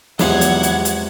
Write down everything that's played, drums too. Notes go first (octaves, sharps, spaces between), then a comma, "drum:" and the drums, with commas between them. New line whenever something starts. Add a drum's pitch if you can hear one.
E2 C3 F3 F#3 G#3 F#5 G#6, drum: snare
drum: hi-hat
drum: hi-hat
drum: hi-hat